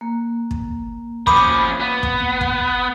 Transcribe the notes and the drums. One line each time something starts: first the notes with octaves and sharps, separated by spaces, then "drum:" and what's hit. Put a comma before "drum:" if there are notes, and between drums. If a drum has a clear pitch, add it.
A#3
drum: kick
F3 C#4 B5 D6 D#6, drum: kick
B3
drum: kick
drum: kick